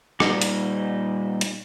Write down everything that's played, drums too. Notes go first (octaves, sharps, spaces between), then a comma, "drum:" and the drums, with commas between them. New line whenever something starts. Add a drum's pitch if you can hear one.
A#2 G3 D#4, drum: rim click
drum: hi-hat
drum: hi-hat